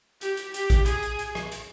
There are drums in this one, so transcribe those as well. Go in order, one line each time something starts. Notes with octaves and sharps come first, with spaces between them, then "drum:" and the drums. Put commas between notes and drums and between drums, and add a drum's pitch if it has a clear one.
G4, drum: hi-hat
drum: hi-hat
G4, drum: hi-hat
drum: kick G#1, hi-hat
G#4, drum: hi-hat
drum: hi-hat
drum: hi-hat
drum: rim click
drum: hi-hat